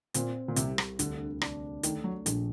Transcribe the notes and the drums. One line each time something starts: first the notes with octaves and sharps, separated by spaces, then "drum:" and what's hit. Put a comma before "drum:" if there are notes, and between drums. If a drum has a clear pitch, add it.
A#2 C4, drum: hi-hat
A#2
C2 C3, drum: hi-hat
drum: rim click
D2 D3, drum: hi-hat
D4, drum: rim click
D#3 A3, drum: hi-hat
F#3
A#1, drum: hi-hat